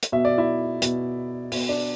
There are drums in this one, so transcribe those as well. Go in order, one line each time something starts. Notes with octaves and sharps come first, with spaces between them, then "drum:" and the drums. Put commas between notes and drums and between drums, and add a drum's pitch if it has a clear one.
drum: hi-hat
B2 E5
D5
E4 E5
B2, drum: hi-hat
B2, drum: open hi-hat
D4 D5